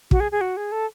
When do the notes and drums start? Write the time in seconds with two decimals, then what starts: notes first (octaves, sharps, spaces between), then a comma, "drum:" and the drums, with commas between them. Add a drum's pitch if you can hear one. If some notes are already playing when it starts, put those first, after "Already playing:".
0.11 F#4, drum: kick
0.20 G#4
0.32 G#4
0.41 F#4
0.57 G#4
0.72 A4